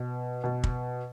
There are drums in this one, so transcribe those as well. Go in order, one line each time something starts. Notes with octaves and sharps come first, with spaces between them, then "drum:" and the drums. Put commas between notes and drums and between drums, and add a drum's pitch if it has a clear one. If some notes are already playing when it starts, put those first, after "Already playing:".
Already playing: B2
B2
drum: kick